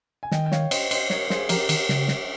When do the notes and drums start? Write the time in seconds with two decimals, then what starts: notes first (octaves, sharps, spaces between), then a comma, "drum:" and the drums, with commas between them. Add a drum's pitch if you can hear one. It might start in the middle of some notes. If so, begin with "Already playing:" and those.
0.23 G#5
0.31 D#3 D#5 G5, drum: snare
0.46 G5
0.52 C#5 F5, drum: snare
0.71 C5 D#5, drum: cymbal
0.91 C5 D#5, drum: cymbal
1.10 A#4 C#5, drum: snare
1.30 G#4 C5, drum: snare
1.49 F3 G4 A#4, drum: cymbal
1.69 D#3, drum: cymbal
1.89 C#3, drum: snare
2.08 drum: snare